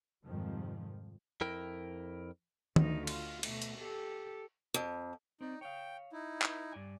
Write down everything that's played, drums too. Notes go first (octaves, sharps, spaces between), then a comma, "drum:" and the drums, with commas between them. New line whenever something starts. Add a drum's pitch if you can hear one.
F2 G#2 C3 D#3 F3 G3
F2 E4 A#4 G5
D2 D#4, drum: tom D#3
F4, drum: cymbal
B2 A3, drum: cymbal
drum: hi-hat
G4 A4
F2
C4 D#4 D5
C#5 F5 G5
D#4 E4
B4, drum: clap
G2 D5 G#5